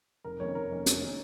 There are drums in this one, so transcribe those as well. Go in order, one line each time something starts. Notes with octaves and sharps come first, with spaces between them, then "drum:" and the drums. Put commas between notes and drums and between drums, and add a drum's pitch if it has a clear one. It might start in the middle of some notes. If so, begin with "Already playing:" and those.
F1 A#4
F2 D#3 A#3 C#4 C#5
F1 A#4
F2 D#3 A#3 C#4
F1, drum: hi-hat
D#3 A#3 C#4